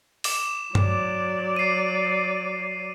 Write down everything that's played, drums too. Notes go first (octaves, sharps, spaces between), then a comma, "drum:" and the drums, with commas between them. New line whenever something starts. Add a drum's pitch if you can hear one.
D6 E7, drum: open hi-hat
F#3 D5, drum: tom G2
C7 D#7